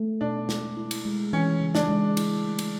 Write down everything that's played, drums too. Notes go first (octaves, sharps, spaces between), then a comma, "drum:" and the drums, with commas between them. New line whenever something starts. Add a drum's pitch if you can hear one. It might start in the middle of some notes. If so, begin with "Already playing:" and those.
Already playing: A3
B2 D4
G#3, drum: snare
E4
drum: cymbal
G#3
E3 C#4
C#3
D4, drum: snare
G#3
E4, drum: cymbal
A3
drum: cymbal